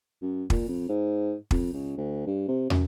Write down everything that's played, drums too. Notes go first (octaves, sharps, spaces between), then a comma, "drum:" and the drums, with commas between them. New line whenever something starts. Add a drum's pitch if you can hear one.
F#2
A#2, drum: kick
F2
G#2
F2, drum: kick
C#2
D2
G2
C3
F#2, drum: tom